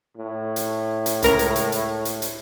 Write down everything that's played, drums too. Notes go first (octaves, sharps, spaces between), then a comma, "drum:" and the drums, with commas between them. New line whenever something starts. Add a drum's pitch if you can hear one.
A2
drum: hi-hat
drum: hi-hat
C#2 A#4 A#5, drum: hi-hat
drum: hi-hat
drum: hi-hat
drum: hi-hat
drum: hi-hat
drum: hi-hat